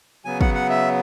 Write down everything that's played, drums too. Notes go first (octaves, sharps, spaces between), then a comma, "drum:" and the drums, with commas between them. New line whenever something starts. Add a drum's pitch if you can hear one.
C#3 F#3 B3 G#5
F#5, drum: kick
F#5
E5